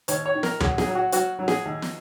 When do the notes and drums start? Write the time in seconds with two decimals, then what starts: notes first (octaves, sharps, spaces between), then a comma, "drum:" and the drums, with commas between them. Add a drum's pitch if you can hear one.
0.08 D#2 C#5, drum: hi-hat
0.26 C#5
0.34 D#3
0.43 A#4, drum: snare
0.60 F#3 G#4, drum: tom D2
0.78 G#4, drum: snare
0.86 F#3
0.95 F#4
1.12 F#3 F#4, drum: hi-hat
1.39 F#3
1.48 G#4, drum: snare
1.65 D#2
1.82 drum: snare